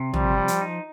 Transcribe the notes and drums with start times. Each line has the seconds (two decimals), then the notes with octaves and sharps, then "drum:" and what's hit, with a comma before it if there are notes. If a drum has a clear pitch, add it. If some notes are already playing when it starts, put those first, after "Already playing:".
Already playing: C3
0.14 F3 G3, drum: tom
0.38 F3
0.48 drum: hi-hat
0.61 D#4